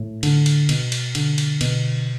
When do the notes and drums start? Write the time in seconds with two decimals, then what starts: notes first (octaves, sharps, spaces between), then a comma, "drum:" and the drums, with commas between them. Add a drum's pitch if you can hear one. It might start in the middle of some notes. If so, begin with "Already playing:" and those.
Already playing: A2
0.23 D3, drum: cymbal
0.46 drum: cymbal
0.69 B2, drum: cymbal
0.92 drum: cymbal
1.15 D3, drum: cymbal
1.38 drum: cymbal
1.61 B2, drum: cymbal